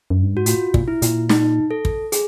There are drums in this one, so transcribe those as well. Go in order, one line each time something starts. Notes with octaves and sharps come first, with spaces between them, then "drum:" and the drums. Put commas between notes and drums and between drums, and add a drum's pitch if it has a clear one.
F#2
G2
G#2 F#4
A2 F4, drum: hi-hat
A#2, drum: kick
E4
A#2, drum: hi-hat
D#4, drum: snare
A4
drum: kick
G#4, drum: hi-hat